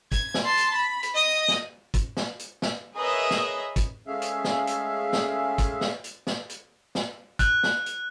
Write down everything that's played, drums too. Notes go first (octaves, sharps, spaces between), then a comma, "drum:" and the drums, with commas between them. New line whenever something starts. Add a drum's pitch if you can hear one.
G#6, drum: kick, hi-hat
drum: snare
A5 C6
drum: hi-hat
B5
drum: hi-hat
D#5 D#6
drum: snare
drum: kick, hi-hat
drum: snare
drum: hi-hat
drum: snare
G#4 A#4 B4 C#5 D#5 E5
drum: snare
drum: kick, hi-hat
G#3 A3 C#4 G#4 E5 F5
drum: hi-hat
drum: snare
drum: hi-hat
drum: snare
drum: kick, hi-hat
drum: snare
drum: hi-hat
drum: snare
drum: hi-hat
drum: snare
F#6, drum: kick, hi-hat
drum: snare
drum: hi-hat